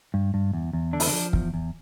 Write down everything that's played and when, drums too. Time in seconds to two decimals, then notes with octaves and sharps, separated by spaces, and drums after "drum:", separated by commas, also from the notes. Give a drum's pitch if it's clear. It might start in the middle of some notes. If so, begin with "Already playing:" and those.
0.14 G2
0.34 G2
0.53 E2
0.73 E2
0.93 D3 D4
1.00 E4, drum: open hi-hat
1.07 D3 D4
1.13 F3
1.33 E2, drum: kick
1.54 E2